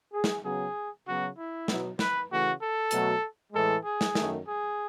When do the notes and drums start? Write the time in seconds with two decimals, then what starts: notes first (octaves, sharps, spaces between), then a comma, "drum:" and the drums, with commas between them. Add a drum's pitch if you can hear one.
0.13 G#4
0.24 drum: snare
0.43 C#3 F#3 B3 G#4
1.05 C#3 F#3 B3 F#4
1.37 E4
1.68 B2 F#3 B3, drum: snare
1.99 B4, drum: snare
2.30 C#3 E3 A3 F#4
2.61 A4
2.91 B2 F#3 A3, drum: hi-hat
3.53 A2 E3 G#3 A4
3.85 G#4
4.01 drum: snare
4.15 F#2 D#3 A3, drum: snare
4.47 G#4